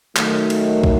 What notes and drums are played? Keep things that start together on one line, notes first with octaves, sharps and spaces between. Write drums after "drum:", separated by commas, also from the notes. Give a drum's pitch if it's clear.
D#3 F#3 A3, drum: clap
drum: cymbal
drum: kick